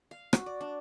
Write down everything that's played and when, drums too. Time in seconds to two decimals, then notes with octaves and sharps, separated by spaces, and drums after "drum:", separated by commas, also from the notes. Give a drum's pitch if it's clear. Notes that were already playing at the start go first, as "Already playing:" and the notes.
0.11 F5
0.33 F#4, drum: rim click
0.46 D5
0.61 D4